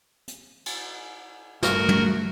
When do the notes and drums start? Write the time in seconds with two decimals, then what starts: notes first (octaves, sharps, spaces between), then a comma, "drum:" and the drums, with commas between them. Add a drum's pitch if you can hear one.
0.28 drum: hi-hat
0.66 drum: cymbal
1.63 G2 A3 F#4 A#4, drum: snare
1.89 drum: tom